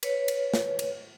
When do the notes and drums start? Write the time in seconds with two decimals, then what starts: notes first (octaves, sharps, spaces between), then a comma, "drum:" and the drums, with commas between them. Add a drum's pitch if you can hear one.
0.03 B4 C#5, drum: cymbal
0.28 drum: cymbal
0.54 drum: snare
0.79 drum: cymbal